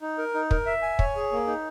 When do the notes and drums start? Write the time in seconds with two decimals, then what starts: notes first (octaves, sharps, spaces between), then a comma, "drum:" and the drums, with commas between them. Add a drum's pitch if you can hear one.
0.01 D#4
0.18 A#4
0.34 D#4
0.51 A#4, drum: kick
0.66 E5
0.82 G#5
0.99 C#5, drum: kick
1.16 G#4
1.32 A#3
1.47 D#4